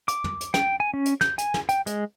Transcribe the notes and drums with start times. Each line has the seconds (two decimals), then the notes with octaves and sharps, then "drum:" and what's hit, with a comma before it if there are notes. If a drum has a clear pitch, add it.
0.08 D6, drum: hi-hat
0.24 drum: tom
0.41 drum: hi-hat
0.54 G5, drum: snare
0.80 G#5
0.94 C#4
1.05 drum: hi-hat
1.21 G6, drum: snare
1.38 G#5, drum: hi-hat
1.54 drum: snare
1.69 G5, drum: hi-hat
1.86 G#3, drum: hi-hat